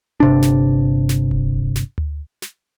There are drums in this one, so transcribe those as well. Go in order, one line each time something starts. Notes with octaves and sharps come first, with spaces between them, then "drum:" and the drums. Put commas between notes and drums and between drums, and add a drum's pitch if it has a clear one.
G1 C3 D4
drum: snare
drum: snare
drum: kick D#1
drum: snare
drum: tom D2
drum: snare